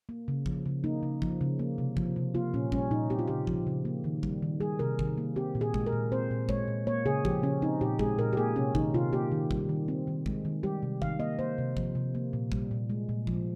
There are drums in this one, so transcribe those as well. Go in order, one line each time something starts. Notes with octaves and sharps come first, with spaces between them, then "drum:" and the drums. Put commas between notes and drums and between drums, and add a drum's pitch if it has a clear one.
A#3
C#3
F3, drum: kick
C#3
A#3 D#4
C#3
F3, drum: kick
C#3
A#3
C3
F3, drum: kick
C3
A#3 F4
A#2 C#4
G3 C#4, drum: kick
A#2 D#4
C4 G4
F4
C#3 G4
F3, drum: kick
C#3
A#3
D#3
G3, drum: kick
D#3
G3 G#4
C3 A#4
D#3, drum: kick
A#3
C4 G4
A#2
G#4
G#3, drum: kick
A#4
A#2
C4 C5
A#2
G#3 C#5, drum: kick
A#2
A#3 C#5
C#3 G#4
F3 G4, drum: kick
C#3 C#4
C4 D#4
A#2 G4
G#3 G#4, drum: kick
A#2 A#4
G4
A#3 G#4
C3 C#4
D#3 D#4, drum: kick
C3 F4
A#3 G4
D#3
G3, drum: kick
D#3
C4
D#3
G#3, drum: kick
D#3
G3 G4
C3
D#3 F5, drum: kick
A#3 D#5
A#3 C5
C3
F3, drum: kick
C3
A#3
A#2
G3, drum: kick
A#2
G#3
A#2
F3, drum: kick